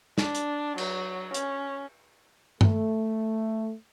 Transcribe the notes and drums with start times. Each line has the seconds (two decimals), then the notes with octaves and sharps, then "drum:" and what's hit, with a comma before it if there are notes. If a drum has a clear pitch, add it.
0.18 D4, drum: snare
0.35 drum: hi-hat
0.78 F#3, drum: cymbal
1.34 C#4, drum: hi-hat
2.61 A3, drum: tom G2